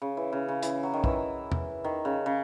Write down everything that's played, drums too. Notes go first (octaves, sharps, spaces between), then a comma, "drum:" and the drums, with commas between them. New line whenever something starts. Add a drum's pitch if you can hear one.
C#3
E3
C#3
C#3
E3, drum: hi-hat
F#3
D#3
E3, drum: kick
drum: tom E2
D#3
C#3
C#3